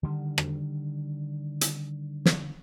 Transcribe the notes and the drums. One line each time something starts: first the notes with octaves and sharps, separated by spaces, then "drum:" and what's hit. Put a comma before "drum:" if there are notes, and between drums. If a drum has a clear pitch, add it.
D3 D#3 G3
drum: rim click
drum: hi-hat
drum: snare